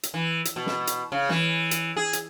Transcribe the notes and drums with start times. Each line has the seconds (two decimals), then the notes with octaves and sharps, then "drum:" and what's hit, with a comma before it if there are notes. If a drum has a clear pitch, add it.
0.03 drum: hi-hat
0.14 E3
0.45 drum: hi-hat
0.56 B2
0.66 drum: snare
0.87 drum: hi-hat
1.12 C#3
1.29 E3, drum: snare
1.71 drum: hi-hat
1.97 G#4
2.13 drum: hi-hat